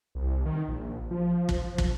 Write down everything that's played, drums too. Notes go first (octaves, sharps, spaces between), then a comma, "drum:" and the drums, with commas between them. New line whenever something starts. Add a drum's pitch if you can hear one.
C2
D#3
A#1
F3
drum: kick
drum: kick